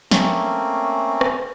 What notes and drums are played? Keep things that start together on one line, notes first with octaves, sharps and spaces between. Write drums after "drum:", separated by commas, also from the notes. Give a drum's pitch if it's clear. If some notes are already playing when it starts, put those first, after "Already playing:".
A3 A#3 C4 C#4, drum: snare
drum: rim click